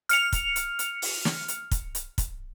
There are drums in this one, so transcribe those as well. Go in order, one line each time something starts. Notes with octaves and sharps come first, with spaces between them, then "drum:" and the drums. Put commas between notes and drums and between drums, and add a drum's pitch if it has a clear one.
F6 C#7 F7, drum: hi-hat
drum: kick, hi-hat
drum: hi-hat
drum: hi-hat
drum: open hi-hat
drum: snare
drum: hi-hat
drum: kick, hi-hat
drum: hi-hat
drum: kick, hi-hat